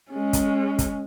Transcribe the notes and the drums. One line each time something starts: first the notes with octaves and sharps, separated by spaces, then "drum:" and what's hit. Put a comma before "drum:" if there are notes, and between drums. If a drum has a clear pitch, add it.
G#3 C#4
drum: kick, hi-hat
drum: kick, hi-hat